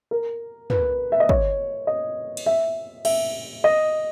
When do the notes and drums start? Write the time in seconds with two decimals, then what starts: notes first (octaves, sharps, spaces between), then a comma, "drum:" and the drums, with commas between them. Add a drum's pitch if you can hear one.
0.11 A#4
0.70 B4, drum: tom
1.12 E5
1.20 D#5
1.29 C#5, drum: kick
1.87 D#5
2.37 drum: cymbal
2.46 E5
3.05 E5, drum: cymbal
3.64 D#5